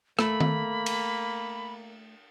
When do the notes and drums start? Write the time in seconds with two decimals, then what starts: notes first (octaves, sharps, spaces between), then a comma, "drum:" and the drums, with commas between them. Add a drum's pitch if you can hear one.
0.19 A3 A#3 B5, drum: rim click
0.40 drum: tom D#3
0.86 drum: cymbal